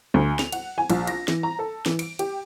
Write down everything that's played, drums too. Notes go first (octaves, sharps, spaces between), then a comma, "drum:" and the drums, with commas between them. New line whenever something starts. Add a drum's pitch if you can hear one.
D2
F7, drum: snare
F#5, drum: cymbal
G#5
A#1, drum: cymbal
A#6, drum: cymbal
E3, drum: snare
A#5
A4
E3, drum: snare
D7, drum: cymbal
G4, drum: cymbal